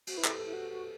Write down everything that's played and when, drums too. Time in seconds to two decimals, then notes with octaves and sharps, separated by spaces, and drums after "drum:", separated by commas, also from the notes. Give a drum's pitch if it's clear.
0.07 F#4, drum: cymbal
0.18 E4 B4
0.24 A4, drum: clap
0.32 G4
0.39 A4
0.45 E4
0.53 F#4
0.70 F#4